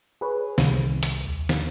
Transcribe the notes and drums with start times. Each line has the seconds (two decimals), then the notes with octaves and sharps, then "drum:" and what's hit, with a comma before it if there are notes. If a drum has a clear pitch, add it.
0.21 G#4 B4 C#5
0.58 C2 C3 D#3 G3, drum: snare
1.03 drum: hi-hat
1.26 D#2
1.49 drum: snare